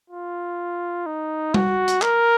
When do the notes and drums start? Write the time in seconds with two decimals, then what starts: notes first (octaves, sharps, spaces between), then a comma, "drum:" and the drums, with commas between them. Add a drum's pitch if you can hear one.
0.10 F4
1.06 D#4
1.54 F#4, drum: tom G3
1.88 drum: hi-hat
2.02 A#4, drum: clap